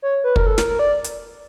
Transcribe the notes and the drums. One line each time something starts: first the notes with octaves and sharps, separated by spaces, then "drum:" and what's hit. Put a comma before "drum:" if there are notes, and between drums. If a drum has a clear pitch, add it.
C#5
B4
A#4, drum: kick
A4
A#4, drum: snare
A#4
D5
drum: hi-hat